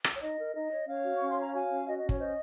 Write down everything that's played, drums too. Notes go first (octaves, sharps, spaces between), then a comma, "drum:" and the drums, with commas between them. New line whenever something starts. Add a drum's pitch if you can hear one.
drum: rim click
C#5
D#4 D#5
A#4
D#4 D#5
C#5
C#4 C#5 F5
F#4
C#6
C#4
C6
C#5 A#5
F#4 F5 G#5
C#4
F#4 D#5
D#5
C#4
C#5, drum: kick
C5 D#5